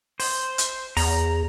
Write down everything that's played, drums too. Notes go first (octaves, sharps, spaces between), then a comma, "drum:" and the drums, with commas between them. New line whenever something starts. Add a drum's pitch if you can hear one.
C5, drum: open hi-hat
drum: hi-hat
E2 A#5, drum: open hi-hat